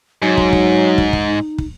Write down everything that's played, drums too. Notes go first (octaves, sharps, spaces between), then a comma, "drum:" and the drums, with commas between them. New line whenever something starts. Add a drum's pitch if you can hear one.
G#2 F#3 D#4
drum: kick
drum: kick
drum: kick
drum: kick
drum: kick